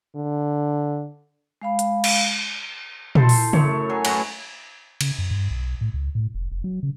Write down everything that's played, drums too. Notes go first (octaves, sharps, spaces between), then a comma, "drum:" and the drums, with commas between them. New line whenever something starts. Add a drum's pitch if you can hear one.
D3
G#3 F5 B5
drum: hi-hat
drum: cymbal
E4 A4 C5, drum: tom A#2
drum: open hi-hat
F#2 A3 C#5, drum: tom C#3
F#3 G#5
F#2 A2 F#4 B4, drum: cymbal
C#3, drum: cymbal
F#2
G2
B1
B1
A2
C#2
A2
F1
F1
F#3
C#3